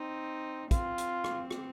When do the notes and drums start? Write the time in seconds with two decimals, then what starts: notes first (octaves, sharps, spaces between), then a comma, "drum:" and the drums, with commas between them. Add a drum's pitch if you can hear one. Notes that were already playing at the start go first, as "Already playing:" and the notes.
Already playing: C4 D#4
0.71 C4 F4, drum: kick, hi-hat
0.98 drum: hi-hat
1.24 drum: rim click
1.51 drum: rim click